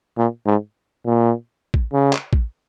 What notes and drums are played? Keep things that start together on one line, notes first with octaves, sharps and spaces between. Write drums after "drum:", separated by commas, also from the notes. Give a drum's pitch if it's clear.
A#2
G#2
A#2
drum: kick A1
C#3
drum: clap
drum: kick A1